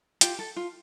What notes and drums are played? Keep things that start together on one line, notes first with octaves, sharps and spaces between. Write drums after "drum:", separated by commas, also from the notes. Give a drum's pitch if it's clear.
F4 G4 G5, drum: hi-hat
A4
F4